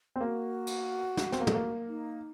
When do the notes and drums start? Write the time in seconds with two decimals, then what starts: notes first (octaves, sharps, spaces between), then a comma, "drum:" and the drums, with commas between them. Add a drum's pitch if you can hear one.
0.16 C4
0.21 A#3 F#4
0.67 drum: cymbal
1.17 drum: snare
1.32 C4, drum: snare
1.40 A#3
1.47 A3, drum: tom
1.54 A#3
1.88 D#4